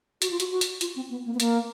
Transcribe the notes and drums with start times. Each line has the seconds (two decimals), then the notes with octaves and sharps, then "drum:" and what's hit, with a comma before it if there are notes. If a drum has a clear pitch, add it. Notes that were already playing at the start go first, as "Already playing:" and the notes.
0.22 F#4, drum: hi-hat
0.31 F4
0.40 F#4, drum: hi-hat
0.51 F#4
0.61 drum: hi-hat
0.81 F4, drum: hi-hat
0.96 C4
1.10 B3
1.26 A#3
1.34 B3
1.40 A#3, drum: hi-hat